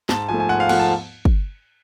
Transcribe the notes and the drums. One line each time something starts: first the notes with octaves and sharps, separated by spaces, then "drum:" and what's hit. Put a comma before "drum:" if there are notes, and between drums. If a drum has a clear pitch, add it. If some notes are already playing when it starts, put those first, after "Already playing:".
G#2 A5, drum: snare
F3 A3 G#5
G#5
G#2 F#5
F5
F3 A3 F#5, drum: cymbal
A5
drum: kick